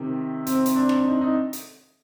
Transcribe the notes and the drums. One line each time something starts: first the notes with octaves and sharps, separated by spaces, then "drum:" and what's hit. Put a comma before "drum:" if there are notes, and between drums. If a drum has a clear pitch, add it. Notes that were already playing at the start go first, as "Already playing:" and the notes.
Already playing: C3 D#3 G4
C4, drum: hi-hat
C4, drum: hi-hat
D4
drum: rim click
D#4
D#4
drum: hi-hat